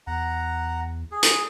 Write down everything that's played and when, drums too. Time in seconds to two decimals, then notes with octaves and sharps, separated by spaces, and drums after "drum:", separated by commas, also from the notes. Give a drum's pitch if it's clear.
0.07 E2 F#5 A#5
1.12 G#4
1.23 drum: hi-hat